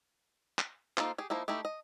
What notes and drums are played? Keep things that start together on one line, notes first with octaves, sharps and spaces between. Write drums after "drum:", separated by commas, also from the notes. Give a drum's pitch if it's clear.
drum: clap
A#3 D#4 F4 A4 C5, drum: clap
G4 G#4
F3 A#3 D#4 E4
A3 D#4 E4 G4
D#5